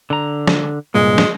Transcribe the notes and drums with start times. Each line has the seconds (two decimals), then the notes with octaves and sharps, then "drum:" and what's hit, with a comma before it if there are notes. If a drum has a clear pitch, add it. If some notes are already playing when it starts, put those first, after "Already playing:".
0.10 D3 A#5
0.47 drum: snare
0.94 C2 G2 A#2 G#3
1.18 drum: snare